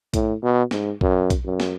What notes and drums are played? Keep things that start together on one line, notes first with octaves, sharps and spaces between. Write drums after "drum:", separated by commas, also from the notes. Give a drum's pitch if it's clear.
A2, drum: kick, hi-hat
B2
G#2, drum: snare
F#2, drum: kick
drum: kick, hi-hat
F#2
drum: snare